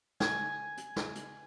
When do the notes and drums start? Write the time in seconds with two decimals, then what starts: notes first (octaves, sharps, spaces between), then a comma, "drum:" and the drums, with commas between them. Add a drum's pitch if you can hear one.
0.20 G#5, drum: snare
0.77 drum: hi-hat
0.96 drum: snare
1.15 drum: hi-hat